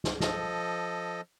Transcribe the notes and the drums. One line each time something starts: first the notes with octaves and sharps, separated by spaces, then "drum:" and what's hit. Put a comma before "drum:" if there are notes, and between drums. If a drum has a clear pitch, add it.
drum: snare
F3 A4 D#5, drum: snare